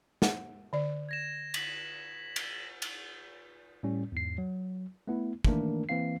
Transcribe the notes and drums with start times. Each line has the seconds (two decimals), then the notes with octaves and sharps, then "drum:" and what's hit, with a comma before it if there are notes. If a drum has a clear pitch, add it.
0.22 F#5, drum: snare
0.73 D3 D5
1.09 G#6 A#6 E7
1.54 B6 F#7, drum: cymbal
2.36 drum: cymbal
2.82 drum: cymbal
3.83 A2 G3 C#4
4.12 E2 G#2 C7
4.38 F#3
5.07 A3 B3 E4
5.45 D#3 E3 A3 A#3 D4 A#4, drum: kick
5.89 E3 A#3 C4 F5 C7